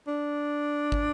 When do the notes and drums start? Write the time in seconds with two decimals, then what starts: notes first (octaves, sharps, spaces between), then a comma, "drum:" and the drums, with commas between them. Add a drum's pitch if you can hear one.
0.07 D4
0.92 drum: kick